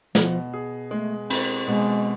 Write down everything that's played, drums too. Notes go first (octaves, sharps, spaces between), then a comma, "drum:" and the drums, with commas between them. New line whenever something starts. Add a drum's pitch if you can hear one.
B2 F3, drum: snare
G#4
G#3 A3
C4, drum: cymbal
B2 G#3